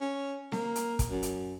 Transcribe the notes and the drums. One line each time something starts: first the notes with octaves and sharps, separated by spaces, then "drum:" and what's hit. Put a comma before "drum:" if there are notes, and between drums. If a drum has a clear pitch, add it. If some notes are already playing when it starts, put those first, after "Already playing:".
C#4
A#3, drum: snare C4
drum: hi-hat
drum: kick, hi-hat
F#2
drum: hi-hat